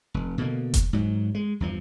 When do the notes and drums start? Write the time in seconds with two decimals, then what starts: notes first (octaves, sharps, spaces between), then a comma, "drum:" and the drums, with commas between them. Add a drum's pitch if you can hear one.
0.14 F1
0.38 B2 D3 A#3
0.74 drum: kick E1, hi-hat
0.93 G#2 F#3
1.35 G#3
1.60 E2 G2 F3